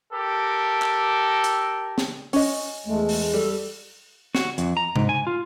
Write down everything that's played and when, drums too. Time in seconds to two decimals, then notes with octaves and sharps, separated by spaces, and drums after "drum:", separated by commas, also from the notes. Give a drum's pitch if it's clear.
0.12 G4 A4 A#4
0.82 drum: clap
1.44 drum: hi-hat
1.98 drum: snare
2.33 C#4 D#5, drum: open hi-hat
2.86 E2 G#3 A3
3.09 drum: open hi-hat
3.34 G3 A4
4.35 F#4, drum: snare
4.58 F2, drum: hi-hat
4.77 A#5
4.96 G#2, drum: tom C3
5.09 G#5
5.27 F4